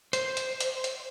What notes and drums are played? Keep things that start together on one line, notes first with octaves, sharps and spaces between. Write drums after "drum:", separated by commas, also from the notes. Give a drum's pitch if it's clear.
C5, drum: hi-hat
drum: hi-hat
drum: hi-hat
drum: hi-hat